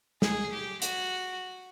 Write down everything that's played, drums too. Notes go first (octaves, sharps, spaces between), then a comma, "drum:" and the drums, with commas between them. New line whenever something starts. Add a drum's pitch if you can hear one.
G#4, drum: snare
G4
F#4, drum: hi-hat